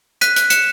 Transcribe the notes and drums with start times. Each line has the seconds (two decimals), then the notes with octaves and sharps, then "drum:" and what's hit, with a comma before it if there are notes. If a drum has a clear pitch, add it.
0.21 F#6 B6 D#7, drum: hi-hat
0.36 F#6, drum: hi-hat
0.50 F#6 C#7 E7, drum: hi-hat